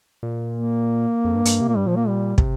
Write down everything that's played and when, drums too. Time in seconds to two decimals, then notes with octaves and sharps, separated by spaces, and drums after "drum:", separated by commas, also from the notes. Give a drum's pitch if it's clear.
0.23 A#2
0.53 A#3
1.25 F2
1.35 G2
1.45 G2, drum: hi-hat
1.61 C3
1.68 A#2 A#3
1.76 G2 G3
1.86 A#2 F3
1.96 A#3
2.07 G3
2.38 C3, drum: kick